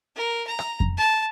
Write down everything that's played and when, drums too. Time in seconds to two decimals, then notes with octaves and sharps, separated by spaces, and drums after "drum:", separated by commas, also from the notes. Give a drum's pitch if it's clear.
0.16 A#4
0.47 A#5
0.59 drum: rim click
0.80 drum: kick F2
0.97 A5